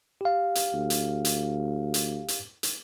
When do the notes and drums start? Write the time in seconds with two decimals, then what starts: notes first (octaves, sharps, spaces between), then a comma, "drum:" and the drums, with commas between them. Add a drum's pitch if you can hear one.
0.21 G4 F5
0.55 drum: hi-hat
0.74 D2
0.90 drum: hi-hat
1.25 drum: hi-hat
1.94 drum: hi-hat
2.28 drum: hi-hat
2.63 drum: hi-hat